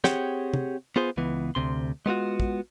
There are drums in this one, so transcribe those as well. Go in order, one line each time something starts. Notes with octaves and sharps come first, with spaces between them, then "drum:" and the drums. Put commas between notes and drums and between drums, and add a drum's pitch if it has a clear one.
C4 G4 G#4 C#5 F#5 G5, drum: snare
drum: tom
B3 F4 G#4 C5
C#2 E3 B3
D2 C3 C6
G#3 B3 F4 F#4
drum: kick